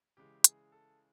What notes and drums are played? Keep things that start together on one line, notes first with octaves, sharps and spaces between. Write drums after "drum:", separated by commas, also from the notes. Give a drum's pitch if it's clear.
C#3 E3 G#3 G4
G#4, drum: hi-hat
A4